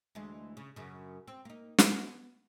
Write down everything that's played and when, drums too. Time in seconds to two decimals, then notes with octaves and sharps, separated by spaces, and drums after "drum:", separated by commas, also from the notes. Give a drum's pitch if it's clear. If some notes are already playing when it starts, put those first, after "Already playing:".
0.15 D2 E3 G#3
0.57 C#3
0.76 F#2 C#3
1.28 C4
1.45 A#3 D#4
1.78 drum: snare
1.90 B3